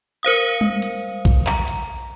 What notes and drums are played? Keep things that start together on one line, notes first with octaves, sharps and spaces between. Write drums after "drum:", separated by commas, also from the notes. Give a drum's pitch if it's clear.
A#4 C5 F5 D#6
drum: tom G3
drum: hi-hat
drum: kick, hi-hat
A#5, drum: clap
drum: hi-hat